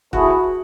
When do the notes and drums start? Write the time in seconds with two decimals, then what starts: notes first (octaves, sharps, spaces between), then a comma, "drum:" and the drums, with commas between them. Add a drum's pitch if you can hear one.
0.13 A3 E4 F#4 G#4 B4, drum: kick